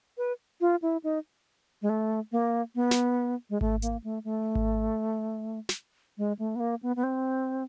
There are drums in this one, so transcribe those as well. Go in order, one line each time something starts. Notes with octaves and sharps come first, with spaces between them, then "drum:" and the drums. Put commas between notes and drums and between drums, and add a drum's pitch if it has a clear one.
B4
F4
E4
D#4
G#3
A3
A#3
B3
drum: snare
G#3
A3, drum: kick G#1
A#3, drum: hi-hat
A3
A3
drum: kick G#1
drum: snare
G#3
A3
B3
A#3
B3
B3
C4